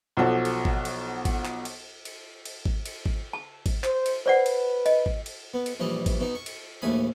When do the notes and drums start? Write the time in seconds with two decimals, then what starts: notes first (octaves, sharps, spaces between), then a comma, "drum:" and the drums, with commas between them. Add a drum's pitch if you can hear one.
0.17 B1 F3 F#4 A4
0.45 drum: cymbal
0.65 drum: kick G#1
0.85 drum: cymbal
1.25 drum: kick G#1, cymbal
1.45 drum: clap
1.65 drum: cymbal
2.05 drum: cymbal
2.45 drum: cymbal
2.65 drum: kick G#1
2.86 drum: cymbal
3.06 drum: kick G#1
3.33 A5
3.66 drum: kick G#1, cymbal
3.84 C5, drum: clap
4.06 drum: cymbal
4.26 B4 C5 D5 F#5
4.46 drum: cymbal
4.86 D#5, drum: cymbal
5.06 drum: kick G#1
5.26 drum: cymbal
5.54 B3
5.66 drum: cymbal
5.80 A#1 E3 G3 D#5
6.06 drum: kick G#1, cymbal
6.20 B2 D#4
6.35 C#6
6.46 drum: cymbal
6.82 A#1 D#2 A3 G#5 B5 D#6